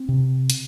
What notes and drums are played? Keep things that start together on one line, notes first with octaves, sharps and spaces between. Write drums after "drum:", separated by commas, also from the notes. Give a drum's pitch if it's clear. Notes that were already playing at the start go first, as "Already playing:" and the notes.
Already playing: C4
C3
drum: hi-hat